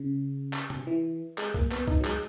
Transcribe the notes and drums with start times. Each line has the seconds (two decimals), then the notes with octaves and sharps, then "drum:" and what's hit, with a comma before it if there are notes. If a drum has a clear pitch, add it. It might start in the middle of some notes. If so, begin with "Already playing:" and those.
Already playing: C#3
0.53 drum: clap
0.70 drum: tom C3
0.87 E3
1.38 G#3, drum: clap
1.54 A#3, drum: kick C2
1.72 B3, drum: clap
1.88 D#4, drum: kick C2
2.01 F#3
2.05 G#3, drum: clap